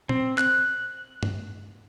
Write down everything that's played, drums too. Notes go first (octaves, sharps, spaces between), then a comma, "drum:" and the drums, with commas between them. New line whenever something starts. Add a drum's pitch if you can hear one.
C4, drum: tom
F#6, drum: clap
drum: tom G2